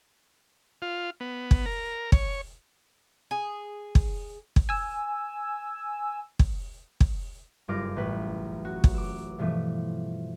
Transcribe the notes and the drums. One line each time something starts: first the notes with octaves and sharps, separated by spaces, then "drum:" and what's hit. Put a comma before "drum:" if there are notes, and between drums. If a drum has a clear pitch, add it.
F4
B3
drum: kick
A#4
C#5, drum: kick
G#4
drum: kick
drum: kick
G#5 E6
drum: kick
drum: kick
F#1 G2 F4 D6 F6 A#6
A1 B4
F#4
drum: kick
D6 E6
G2 B2 E3 F3 A3